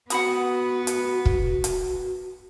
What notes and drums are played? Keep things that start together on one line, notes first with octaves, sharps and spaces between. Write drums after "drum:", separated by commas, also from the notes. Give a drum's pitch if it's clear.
B3 F#4 B4 F#5 B5 D#6, drum: hi-hat
drum: hi-hat
drum: kick
drum: hi-hat